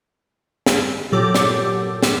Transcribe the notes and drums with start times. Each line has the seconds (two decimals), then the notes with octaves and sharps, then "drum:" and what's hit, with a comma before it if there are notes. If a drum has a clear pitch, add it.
0.66 drum: snare
1.12 A#2 F#3 G4 A4 D6
1.34 drum: snare
2.03 drum: snare